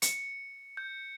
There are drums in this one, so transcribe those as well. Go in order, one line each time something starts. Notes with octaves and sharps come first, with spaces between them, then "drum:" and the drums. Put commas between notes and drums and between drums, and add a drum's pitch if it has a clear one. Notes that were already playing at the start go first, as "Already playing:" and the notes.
C#7, drum: hi-hat
G6